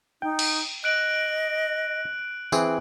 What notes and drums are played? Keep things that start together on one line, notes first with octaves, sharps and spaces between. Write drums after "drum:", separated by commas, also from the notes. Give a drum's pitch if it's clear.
D#4 G5
drum: cymbal
D#5 F#6 D7 F#7
E3 C4 G#4, drum: tambourine